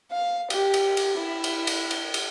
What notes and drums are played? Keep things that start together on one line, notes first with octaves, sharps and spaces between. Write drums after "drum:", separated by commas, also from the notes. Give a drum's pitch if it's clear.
F5
G4, drum: cymbal
drum: cymbal
drum: cymbal
E4
drum: cymbal
drum: cymbal
drum: cymbal
drum: cymbal